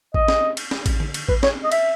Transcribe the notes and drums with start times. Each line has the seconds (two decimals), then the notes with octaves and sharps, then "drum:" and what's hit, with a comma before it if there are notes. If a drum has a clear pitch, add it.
0.14 D#5, drum: kick A1
0.28 drum: snare
0.57 drum: cymbal
0.71 drum: snare
0.86 drum: kick A1, cymbal
1.00 drum: tom D3
1.14 drum: cymbal
1.29 B4, drum: kick A1
1.43 C#5, drum: snare
1.64 D#5
1.72 E5, drum: cymbal